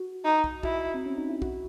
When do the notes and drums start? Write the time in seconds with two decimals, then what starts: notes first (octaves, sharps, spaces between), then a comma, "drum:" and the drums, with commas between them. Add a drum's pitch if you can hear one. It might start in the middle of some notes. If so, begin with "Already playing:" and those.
Already playing: F#4
0.25 D#4
0.44 drum: kick
0.63 E4 F#4, drum: kick
0.94 C4
1.06 C#4
1.17 D#4
1.29 E4
1.42 F#4, drum: kick